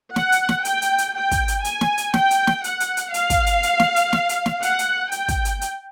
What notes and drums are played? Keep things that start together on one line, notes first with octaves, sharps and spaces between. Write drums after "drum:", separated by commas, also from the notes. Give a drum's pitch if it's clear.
F#5, drum: snare
drum: hi-hat
drum: snare
G5, drum: hi-hat
drum: hi-hat
drum: hi-hat
G5
drum: kick, hi-hat
drum: hi-hat
G#5, drum: hi-hat
drum: snare
drum: hi-hat
G5, drum: snare
drum: hi-hat
drum: snare
F#5, drum: hi-hat
drum: hi-hat
drum: hi-hat
F5, drum: hi-hat
drum: kick, hi-hat
drum: hi-hat
drum: hi-hat
drum: snare
drum: hi-hat
drum: snare
drum: hi-hat
drum: snare
F#5, drum: hi-hat
drum: hi-hat
G5, drum: hi-hat
drum: kick, hi-hat
drum: hi-hat
drum: hi-hat